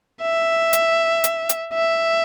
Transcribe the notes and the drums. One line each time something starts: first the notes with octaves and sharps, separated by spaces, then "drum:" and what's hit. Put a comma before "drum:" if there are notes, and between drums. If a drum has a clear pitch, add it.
E5
drum: hi-hat
drum: hi-hat
drum: hi-hat
E5